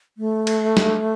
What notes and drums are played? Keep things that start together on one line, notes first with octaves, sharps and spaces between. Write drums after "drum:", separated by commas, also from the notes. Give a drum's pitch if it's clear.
A3
drum: cymbal
drum: snare